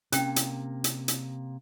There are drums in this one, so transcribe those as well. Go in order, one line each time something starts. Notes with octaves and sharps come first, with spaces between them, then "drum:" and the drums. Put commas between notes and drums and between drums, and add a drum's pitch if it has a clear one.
C3 A#3 C#4 G5, drum: hi-hat
drum: hi-hat
drum: hi-hat
drum: hi-hat